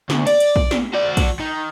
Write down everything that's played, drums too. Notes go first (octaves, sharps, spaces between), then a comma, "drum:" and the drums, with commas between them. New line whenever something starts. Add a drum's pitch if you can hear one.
D2, drum: snare
D5, drum: cymbal
drum: cymbal
drum: kick
drum: snare
F#4 D5
drum: kick, cymbal
D#3